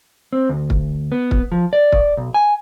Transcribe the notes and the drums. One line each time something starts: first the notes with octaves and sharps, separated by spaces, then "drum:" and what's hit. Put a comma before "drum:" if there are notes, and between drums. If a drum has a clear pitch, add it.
C4
D2
drum: kick
B3
drum: kick
F3
D5
drum: kick
B1
G#5